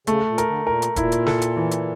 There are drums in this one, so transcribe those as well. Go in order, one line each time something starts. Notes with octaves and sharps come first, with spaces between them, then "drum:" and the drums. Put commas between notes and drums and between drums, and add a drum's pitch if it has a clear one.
C#3 A3, drum: hi-hat
A#2
A#4, drum: hi-hat
D3
A#2 A#4
drum: hi-hat
A#2 E4, drum: kick D#1, hi-hat
drum: hi-hat
A4, drum: snare
drum: hi-hat
E3
drum: hi-hat